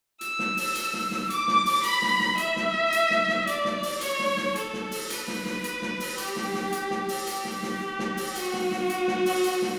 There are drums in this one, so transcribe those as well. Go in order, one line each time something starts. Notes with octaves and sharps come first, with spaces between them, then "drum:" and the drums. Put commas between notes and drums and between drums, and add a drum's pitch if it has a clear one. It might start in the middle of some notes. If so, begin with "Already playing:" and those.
E6, drum: hi-hat
drum: snare
drum: open hi-hat
drum: hi-hat
drum: snare
drum: snare
D6, drum: hi-hat
drum: snare
drum: open hi-hat
B5, drum: hi-hat
drum: snare
drum: snare
E5, drum: hi-hat
drum: snare
drum: hi-hat
drum: snare
drum: snare
D5, drum: hi-hat
drum: snare
drum: open hi-hat
C#5, drum: hi-hat
drum: snare
drum: snare
A4, drum: hi-hat
drum: snare
drum: open hi-hat
B4, drum: hi-hat
drum: snare
drum: snare
drum: hi-hat
drum: snare
drum: open hi-hat
G4, drum: hi-hat
drum: snare
drum: snare
drum: hi-hat
drum: snare
drum: open hi-hat
G4, drum: hi-hat
drum: snare
drum: snare
drum: snare
drum: open hi-hat
F#4, drum: hi-hat
drum: snare
drum: snare
drum: hi-hat
drum: snare
drum: open hi-hat
drum: hi-hat
drum: snare